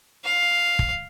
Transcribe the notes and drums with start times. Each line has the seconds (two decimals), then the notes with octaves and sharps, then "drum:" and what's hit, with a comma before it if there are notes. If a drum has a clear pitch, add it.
0.25 F5
0.79 drum: kick